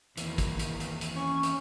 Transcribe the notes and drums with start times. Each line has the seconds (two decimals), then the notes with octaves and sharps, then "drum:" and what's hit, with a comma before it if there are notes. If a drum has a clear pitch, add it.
0.17 E2 D#3 E3 A#3, drum: hi-hat
0.38 drum: kick, hi-hat
0.59 drum: hi-hat
0.80 drum: hi-hat
1.01 drum: hi-hat
1.15 C#4 C#6
1.43 drum: hi-hat